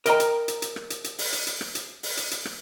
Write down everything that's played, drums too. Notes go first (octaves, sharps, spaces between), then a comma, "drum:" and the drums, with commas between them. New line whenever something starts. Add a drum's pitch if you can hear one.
A#4 D#5 G5 A#5, drum: hi-hat
drum: hi-hat
drum: hi-hat
drum: hi-hat
drum: rim click
drum: hi-hat
drum: hi-hat
drum: open hi-hat
drum: hi-hat
drum: hi-hat
drum: rim click
drum: hi-hat
drum: open hi-hat
drum: hi-hat
drum: hi-hat
drum: rim click